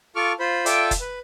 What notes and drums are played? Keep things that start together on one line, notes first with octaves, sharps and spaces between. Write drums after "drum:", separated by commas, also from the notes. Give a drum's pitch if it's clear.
F4 A4 C#6 D6 F6
F4 C5 B5
F4 A4 D5 E5 G5 D6, drum: hi-hat
drum: kick, hi-hat
B4